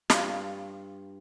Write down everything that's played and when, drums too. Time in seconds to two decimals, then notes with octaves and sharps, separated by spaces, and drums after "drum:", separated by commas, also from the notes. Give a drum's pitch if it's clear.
0.10 G2 F4, drum: snare